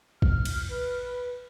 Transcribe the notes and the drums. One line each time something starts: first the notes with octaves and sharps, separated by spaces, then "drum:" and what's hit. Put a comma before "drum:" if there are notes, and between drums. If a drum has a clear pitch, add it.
F6, drum: kick
drum: cymbal
B4